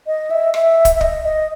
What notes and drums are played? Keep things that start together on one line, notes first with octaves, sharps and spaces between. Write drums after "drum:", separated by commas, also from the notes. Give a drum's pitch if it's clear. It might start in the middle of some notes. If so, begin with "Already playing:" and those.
D#5
E5
E5, drum: rim click
drum: kick, hi-hat
E5
D#5, drum: kick
D#5